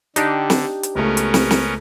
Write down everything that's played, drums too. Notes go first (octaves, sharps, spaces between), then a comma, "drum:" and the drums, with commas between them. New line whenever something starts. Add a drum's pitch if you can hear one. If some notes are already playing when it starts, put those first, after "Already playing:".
D3 D4 D#4 G4, drum: hi-hat
drum: snare
drum: hi-hat
C#2 A3 B3 C#4 A#4
drum: hi-hat
drum: snare
drum: snare